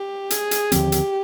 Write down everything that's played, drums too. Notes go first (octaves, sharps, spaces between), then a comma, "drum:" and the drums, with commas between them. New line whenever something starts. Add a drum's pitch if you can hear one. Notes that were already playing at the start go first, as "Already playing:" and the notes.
Already playing: G4
G#4, drum: hi-hat
drum: hi-hat
D#2 D3 F3 C4 G4, drum: hi-hat
drum: hi-hat